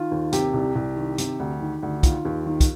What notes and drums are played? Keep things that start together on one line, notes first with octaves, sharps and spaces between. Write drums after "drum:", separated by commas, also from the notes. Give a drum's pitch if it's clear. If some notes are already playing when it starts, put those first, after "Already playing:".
Already playing: D#3 F4
D#2
C3 G4, drum: hi-hat
C2
C2
D#3
C3, drum: hi-hat
D2
D#3
D2
D#3 F4, drum: kick, hi-hat
D#2
D#3
drum: kick, hi-hat